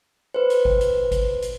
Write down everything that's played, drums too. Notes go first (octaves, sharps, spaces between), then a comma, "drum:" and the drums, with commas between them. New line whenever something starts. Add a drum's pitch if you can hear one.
B4 C5
drum: hi-hat
drum: kick G#1
drum: hi-hat
drum: kick G#1, hi-hat
drum: hi-hat